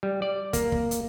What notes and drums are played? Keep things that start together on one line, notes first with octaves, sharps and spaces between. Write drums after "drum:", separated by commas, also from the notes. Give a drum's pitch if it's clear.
G3
D5
A#3, drum: kick, hi-hat
drum: kick
drum: hi-hat